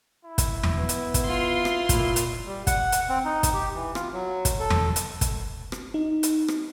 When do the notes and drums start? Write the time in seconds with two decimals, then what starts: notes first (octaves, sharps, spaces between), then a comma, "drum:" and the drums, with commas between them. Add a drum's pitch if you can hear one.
0.24 E4
0.38 drum: kick, hi-hat
0.63 drum: tom E2
0.77 B3
0.89 drum: hi-hat
1.14 drum: kick, hi-hat
1.24 F4 C6
1.65 drum: rim click
1.89 A#2 E4, drum: kick, hi-hat
2.16 drum: hi-hat
2.47 G3
2.67 F#5, drum: kick, hi-hat
2.92 drum: hi-hat
3.09 C4
3.25 D#4
3.43 drum: kick, hi-hat
3.54 G4
3.75 E3
3.95 F4, drum: rim click
4.13 F#3
4.45 drum: kick, hi-hat
4.59 A4
4.70 drum: tom E2
4.96 drum: hi-hat
5.21 drum: kick, hi-hat
5.72 drum: rim click
5.94 D#4
6.23 drum: hi-hat
6.48 drum: rim click